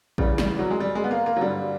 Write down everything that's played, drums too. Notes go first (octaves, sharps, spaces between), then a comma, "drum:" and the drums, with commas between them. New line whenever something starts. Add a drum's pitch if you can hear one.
E2 C#3 E3 G3, drum: kick
G3, drum: snare
F#3
G#3
G3
G#3
B3
A#3
A#3
F#3
G2 D3 G3